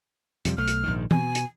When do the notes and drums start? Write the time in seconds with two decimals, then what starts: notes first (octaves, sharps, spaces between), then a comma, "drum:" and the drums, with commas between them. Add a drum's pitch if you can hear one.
0.45 F2 C3 G3, drum: hi-hat
0.57 B1 A3 F6
0.68 drum: hi-hat
0.83 A#1 G#2 D#3
1.11 B2 G#5, drum: tom E3
1.35 drum: hi-hat